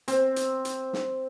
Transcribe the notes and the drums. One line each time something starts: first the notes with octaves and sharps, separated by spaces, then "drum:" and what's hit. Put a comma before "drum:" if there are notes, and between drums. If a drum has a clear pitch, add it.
C4, drum: hi-hat
drum: hi-hat
drum: hi-hat
drum: snare